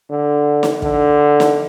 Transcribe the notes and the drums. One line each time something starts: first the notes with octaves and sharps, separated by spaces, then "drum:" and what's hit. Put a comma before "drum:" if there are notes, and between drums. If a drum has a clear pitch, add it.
D3
drum: snare
D3, drum: kick
drum: snare